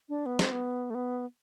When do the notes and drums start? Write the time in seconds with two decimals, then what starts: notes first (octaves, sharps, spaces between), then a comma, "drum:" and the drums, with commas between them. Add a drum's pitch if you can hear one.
0.09 D4
0.26 B3
0.39 C4, drum: snare
0.52 B3
0.90 A3
0.95 B3